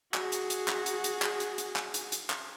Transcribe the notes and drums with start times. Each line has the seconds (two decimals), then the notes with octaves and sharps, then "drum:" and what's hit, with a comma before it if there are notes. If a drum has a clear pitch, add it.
0.14 F#4 G#4, drum: clap
0.32 drum: hi-hat
0.50 drum: hi-hat
0.68 drum: clap
0.86 drum: hi-hat
1.04 drum: hi-hat
1.22 drum: clap
1.40 drum: hi-hat
1.58 drum: hi-hat
1.76 drum: clap
1.94 drum: hi-hat
2.12 drum: hi-hat
2.30 drum: clap